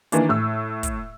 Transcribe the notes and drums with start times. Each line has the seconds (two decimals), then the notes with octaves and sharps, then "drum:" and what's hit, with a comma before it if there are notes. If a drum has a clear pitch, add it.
0.12 D#3 E3 A#3 D4, drum: hi-hat
0.29 A2 E6
0.83 drum: kick, hi-hat